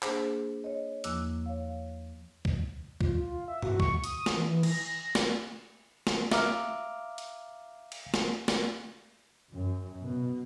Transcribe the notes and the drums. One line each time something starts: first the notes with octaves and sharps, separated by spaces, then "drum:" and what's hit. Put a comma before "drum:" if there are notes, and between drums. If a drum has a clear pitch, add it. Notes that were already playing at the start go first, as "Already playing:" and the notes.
A#3 D4 G#4 C5, drum: clap
C#5 D#5
E2 F3 A#3 D6 E6 F#6, drum: hi-hat
C#5 F5
drum: kick
F4, drum: kick
F4
E5
F#4, drum: tom G2
C#6, drum: kick
D#6, drum: hi-hat
drum: snare
E3
A#6, drum: cymbal
drum: snare
drum: snare
E5 F5 A#5 D6 F6, drum: snare
drum: hi-hat
drum: cymbal
drum: snare
drum: snare
F#2
B2